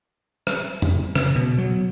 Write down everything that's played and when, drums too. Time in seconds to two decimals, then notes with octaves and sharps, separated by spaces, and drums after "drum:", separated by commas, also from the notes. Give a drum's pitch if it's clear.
0.47 drum: rim click
0.82 drum: tom F2
1.15 C#3, drum: rim click
1.35 B2
1.58 F#3